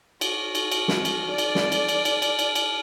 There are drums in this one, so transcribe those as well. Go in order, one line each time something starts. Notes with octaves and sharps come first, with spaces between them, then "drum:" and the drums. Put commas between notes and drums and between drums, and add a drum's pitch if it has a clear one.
F#4, drum: cymbal
drum: cymbal
drum: cymbal
drum: snare
drum: cymbal
D5
drum: cymbal
drum: snare
drum: cymbal
drum: cymbal
drum: cymbal
drum: cymbal
drum: cymbal
drum: cymbal